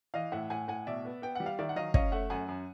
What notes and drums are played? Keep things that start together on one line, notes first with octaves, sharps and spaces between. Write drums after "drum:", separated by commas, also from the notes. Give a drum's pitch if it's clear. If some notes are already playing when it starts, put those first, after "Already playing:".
E3 D#5 F5
A2 E5 F#5
A2 F#5 G#5
A2 F#5 G#5
B2 D5 E5
B3
B3 G5
G3 F#5
F5
D#3 D5 E5
F#5
F#3 D#5 F5
C#4 D#5 F5, drum: kick
A3 E5 F#5
F#2 F#5 G#5
F#2